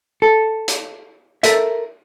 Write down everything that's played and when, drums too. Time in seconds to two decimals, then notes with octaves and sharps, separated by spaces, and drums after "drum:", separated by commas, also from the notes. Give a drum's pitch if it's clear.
0.22 A4
0.68 drum: hi-hat
1.43 A4 A#4 E5, drum: hi-hat